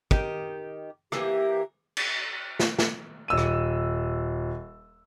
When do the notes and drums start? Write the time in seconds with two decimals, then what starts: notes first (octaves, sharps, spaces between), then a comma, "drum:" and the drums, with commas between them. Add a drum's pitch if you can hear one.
0.11 D#3 G4, drum: kick
1.12 E3 A#3 G4, drum: rim click
1.97 drum: cymbal
2.59 drum: snare
2.78 drum: snare
3.28 D#1 E6 D#7
3.37 drum: rim click